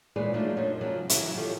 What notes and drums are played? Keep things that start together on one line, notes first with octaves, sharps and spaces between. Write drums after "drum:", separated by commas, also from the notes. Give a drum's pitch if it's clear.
A#2 E3 G#3 B4 C#5 D5
F3 F#3 A3 D4 D#4
F#2 F3 F#3 D#4
C#3 F3 F#3
E3 F#3 E4 E5, drum: hi-hat
D#3 F3 G4 A4 C#5